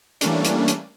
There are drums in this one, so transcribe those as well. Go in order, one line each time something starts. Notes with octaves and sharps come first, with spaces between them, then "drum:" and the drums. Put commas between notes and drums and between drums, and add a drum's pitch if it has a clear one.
E3 G3 A3 A#3 C#4 D4, drum: hi-hat
drum: hi-hat
drum: hi-hat